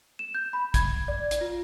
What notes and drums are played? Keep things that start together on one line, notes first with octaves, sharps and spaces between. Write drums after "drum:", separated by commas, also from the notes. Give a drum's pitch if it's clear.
E7
G6
B5
G#6, drum: kick, hi-hat
D5
drum: hi-hat
F4